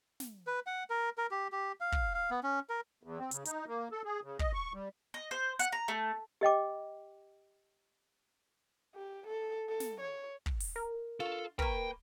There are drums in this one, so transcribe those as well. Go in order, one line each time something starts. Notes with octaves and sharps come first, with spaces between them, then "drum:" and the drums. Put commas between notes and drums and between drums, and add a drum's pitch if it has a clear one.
drum: snare
B4
F#5
A#4
A#4
G4
G4
F5
drum: kick
F5
B3
C#4
A#4
E2
C4
C#3, drum: hi-hat
D#4, drum: hi-hat
A#3
A4
G#4
C#3
D#5, drum: kick
C#6
G3
D#5
C5
F#5, drum: hi-hat
A#5
A3
G4 D#5 G5 D6
G4
A4
A4
drum: snare
C#5
drum: kick
drum: open hi-hat
A#4
F4 A4
A#3 A#4 B4 G5, drum: kick